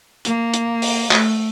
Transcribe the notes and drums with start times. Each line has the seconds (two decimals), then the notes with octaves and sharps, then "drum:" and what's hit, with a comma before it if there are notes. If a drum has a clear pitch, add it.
0.25 A#3, drum: hi-hat
0.54 drum: hi-hat
0.82 drum: open hi-hat
1.11 A3, drum: clap